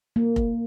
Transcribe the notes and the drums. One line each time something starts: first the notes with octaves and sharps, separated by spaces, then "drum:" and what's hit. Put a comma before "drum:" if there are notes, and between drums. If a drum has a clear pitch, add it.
A#3
drum: kick F1